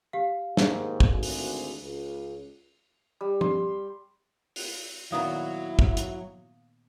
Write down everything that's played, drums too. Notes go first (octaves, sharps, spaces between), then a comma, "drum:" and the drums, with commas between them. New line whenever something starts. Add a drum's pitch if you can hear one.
G4 F5
D#2 G#2 D#3, drum: snare
drum: kick
G#1 D2 G#4
drum: open hi-hat
C#2
G3
C6, drum: tom F3
drum: open hi-hat
A#2 D#3 F#3 B3 E4 F5 D#6
drum: kick
drum: hi-hat